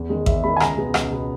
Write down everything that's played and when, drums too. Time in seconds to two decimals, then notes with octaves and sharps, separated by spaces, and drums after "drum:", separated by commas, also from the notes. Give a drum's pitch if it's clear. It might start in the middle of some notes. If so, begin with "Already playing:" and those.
Already playing: E2
0.10 D#3 G#3
0.26 E2 E5, drum: kick A1
0.44 D#3 G#3 B5
0.57 G#5
0.60 C#2 A#5, drum: rim click
0.77 B2 G#3 B3
0.94 C#2, drum: rim click
1.11 B2 G#3 B3